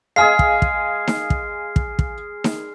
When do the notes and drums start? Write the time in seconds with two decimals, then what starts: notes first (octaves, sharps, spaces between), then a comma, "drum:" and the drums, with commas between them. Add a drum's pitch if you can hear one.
0.16 G#3 G#4 F5 G#5 F6 C7
0.39 drum: kick
0.62 drum: kick
1.07 drum: snare D#4
1.30 drum: kick
1.76 drum: kick
1.99 drum: kick
2.44 drum: snare D#4